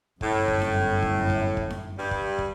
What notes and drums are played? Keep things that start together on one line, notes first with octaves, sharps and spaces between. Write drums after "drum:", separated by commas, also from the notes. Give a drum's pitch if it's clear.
G1 F#2 A2, drum: kick
drum: kick
drum: snare D#4
drum: kick
drum: kick
drum: kick
drum: snare D#4
G2 G3
drum: kick
drum: kick